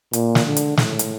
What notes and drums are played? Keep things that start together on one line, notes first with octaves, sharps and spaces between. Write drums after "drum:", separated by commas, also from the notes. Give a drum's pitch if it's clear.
A#2, drum: hi-hat
drum: snare
D3
drum: hi-hat
A2, drum: snare
drum: hi-hat